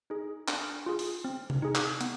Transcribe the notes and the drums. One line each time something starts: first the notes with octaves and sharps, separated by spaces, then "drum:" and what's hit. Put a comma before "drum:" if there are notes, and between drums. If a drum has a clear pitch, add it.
D#4 G#4
D4, drum: clap
F4 G#4
drum: open hi-hat
C4
drum: tom C3
D#4 G#4
drum: clap
B3, drum: hi-hat